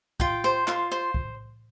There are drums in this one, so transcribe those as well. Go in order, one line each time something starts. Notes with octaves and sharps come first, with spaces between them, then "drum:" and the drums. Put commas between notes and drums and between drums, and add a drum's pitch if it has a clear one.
F4 G5, drum: kick
C5
F4, drum: clap
C5
drum: kick